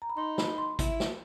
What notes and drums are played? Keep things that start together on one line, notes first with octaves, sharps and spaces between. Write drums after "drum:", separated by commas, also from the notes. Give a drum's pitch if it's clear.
A#5
B5
D#4 C6
B5, drum: snare
C6
E4, drum: kick, hi-hat
drum: snare